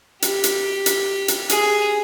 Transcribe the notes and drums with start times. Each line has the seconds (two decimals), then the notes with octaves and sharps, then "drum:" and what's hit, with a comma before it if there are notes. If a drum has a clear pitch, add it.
0.22 G4, drum: hi-hat
0.44 drum: hi-hat
0.86 drum: hi-hat
1.28 drum: hi-hat
1.49 G#4, drum: hi-hat